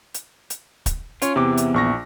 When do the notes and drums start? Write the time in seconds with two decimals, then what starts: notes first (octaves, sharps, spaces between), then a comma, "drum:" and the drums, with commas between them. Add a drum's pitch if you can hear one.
0.14 drum: hi-hat
0.50 drum: hi-hat
0.86 drum: kick, hi-hat
1.22 C#4 F4 C#5, drum: hi-hat
1.36 E2 C3 E3 D6
1.57 drum: hi-hat
1.74 A#1 C#6 A#6